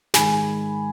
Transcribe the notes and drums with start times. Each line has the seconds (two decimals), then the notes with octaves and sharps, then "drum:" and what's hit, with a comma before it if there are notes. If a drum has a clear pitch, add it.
0.14 G#2 D#3 G#3 G#5 B5, drum: snare